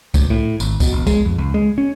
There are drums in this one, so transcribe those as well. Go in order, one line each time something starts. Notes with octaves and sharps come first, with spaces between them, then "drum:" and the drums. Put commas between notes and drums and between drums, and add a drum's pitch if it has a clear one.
D2, drum: kick C2, tambourine
A2
G#1, drum: tambourine
B2, drum: kick C2, tambourine
E1
G#3, drum: kick C2, tambourine
F2
C#2
G#3
C#4